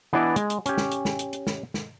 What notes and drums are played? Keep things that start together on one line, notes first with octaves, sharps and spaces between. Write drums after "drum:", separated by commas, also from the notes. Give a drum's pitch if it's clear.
E3 B3 D4 E4 D5 D#5
G#3, drum: hi-hat
drum: hi-hat
C#4 G4, drum: hi-hat
drum: snare
drum: hi-hat
drum: snare
drum: hi-hat
drum: hi-hat
drum: snare
drum: snare